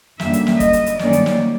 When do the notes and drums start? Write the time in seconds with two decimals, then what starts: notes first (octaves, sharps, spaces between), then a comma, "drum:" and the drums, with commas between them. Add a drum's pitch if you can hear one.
0.19 F#2 D3 G3 A#3 E5, drum: snare
0.33 drum: hi-hat
0.47 drum: snare
0.60 D#5, drum: kick, hi-hat
0.73 drum: hi-hat
0.86 drum: hi-hat
0.99 F#2 D#3 G3 A#3 C#4 D5, drum: snare
1.13 drum: hi-hat
1.26 drum: snare